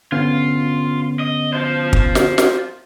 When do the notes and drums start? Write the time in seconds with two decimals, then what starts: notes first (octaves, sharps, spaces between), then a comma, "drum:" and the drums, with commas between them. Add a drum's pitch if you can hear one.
0.12 D3 B3 C#4 F4
1.19 D#5
1.53 F4 C5
1.93 drum: kick
2.15 drum: snare
2.38 drum: snare